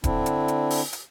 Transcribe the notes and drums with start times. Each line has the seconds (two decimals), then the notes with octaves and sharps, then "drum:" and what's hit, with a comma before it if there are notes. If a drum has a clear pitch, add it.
0.04 D3 C4 D4 E4, drum: kick D#1, hi-hat
0.26 drum: hi-hat
0.48 drum: hi-hat
0.70 drum: open hi-hat
0.93 drum: hi-hat